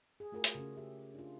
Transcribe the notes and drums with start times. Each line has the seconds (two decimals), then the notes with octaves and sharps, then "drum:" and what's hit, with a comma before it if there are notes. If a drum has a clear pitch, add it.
0.20 G#4
0.32 A3 F4 F#4 G#4 A#4
0.44 drum: hi-hat
0.55 C#3 C#4
0.76 G4 G#4 E5
1.15 D4 F4